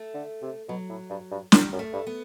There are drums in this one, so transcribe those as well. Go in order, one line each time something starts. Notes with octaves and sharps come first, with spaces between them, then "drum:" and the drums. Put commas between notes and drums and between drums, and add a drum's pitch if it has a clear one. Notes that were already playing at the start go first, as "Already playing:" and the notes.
Already playing: A3
D3
C3
B2 F#3
A2
G2
G2
F#2 G3, drum: snare
F#2
A3
G2
B3